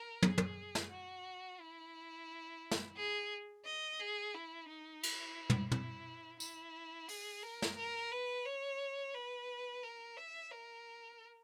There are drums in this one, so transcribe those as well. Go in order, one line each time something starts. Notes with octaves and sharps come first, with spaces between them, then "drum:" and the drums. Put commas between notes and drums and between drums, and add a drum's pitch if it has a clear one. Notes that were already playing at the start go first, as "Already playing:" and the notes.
Already playing: A#4
G#4, drum: tom
drum: tom
drum: snare
F#4
E4
drum: snare
G#4
D#5
G#4
E4
D#4
E4, drum: cymbal
drum: tom
E4, drum: tom
E4, drum: tambourine
G#4, drum: open hi-hat
A#4
drum: snare
A#4
B4
C#5
B4
A#4
E5
A#4